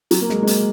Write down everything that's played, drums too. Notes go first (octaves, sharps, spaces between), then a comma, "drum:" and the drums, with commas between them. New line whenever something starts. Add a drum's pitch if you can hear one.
F#3, drum: hi-hat
A#3
G#3, drum: snare
G#3
A#3, drum: hi-hat